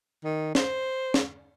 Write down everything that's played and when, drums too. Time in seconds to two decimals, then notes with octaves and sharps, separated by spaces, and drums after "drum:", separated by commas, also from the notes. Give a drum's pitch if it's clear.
0.25 D#3
0.55 C5, drum: snare
1.14 drum: snare